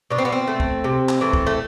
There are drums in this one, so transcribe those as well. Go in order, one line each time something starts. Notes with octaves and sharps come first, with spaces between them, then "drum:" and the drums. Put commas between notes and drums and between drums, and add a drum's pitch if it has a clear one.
B2 D4
C4
B3
C4
A3
drum: kick
C3
drum: clap
E3 A3
drum: kick
A3